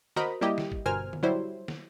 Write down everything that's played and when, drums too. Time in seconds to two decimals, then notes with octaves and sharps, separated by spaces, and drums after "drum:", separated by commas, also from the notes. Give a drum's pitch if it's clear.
0.16 F#4 A#4 C5 D#5 A#5 B5, drum: snare
0.41 G3 A#3 E4 G4 D#5
0.58 drum: snare
0.72 drum: kick
0.86 G1 B2 A#4 C5 G#5 F6
1.13 drum: tom D3
1.23 F#3 G3 E4 C5
1.68 drum: snare